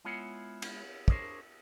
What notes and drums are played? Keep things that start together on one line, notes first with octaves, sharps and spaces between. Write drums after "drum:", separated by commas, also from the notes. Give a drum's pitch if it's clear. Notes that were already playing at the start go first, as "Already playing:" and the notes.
G#3 B3 E4 F4 C#5 F#5
drum: cymbal
D4 G#4 A#4 C5 C#5, drum: kick